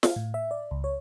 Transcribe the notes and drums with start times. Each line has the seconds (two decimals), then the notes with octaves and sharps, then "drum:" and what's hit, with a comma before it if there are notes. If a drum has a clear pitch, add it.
0.03 F5, drum: snare
0.16 A2
0.34 E5
0.51 D5
0.71 C#2
0.84 C#5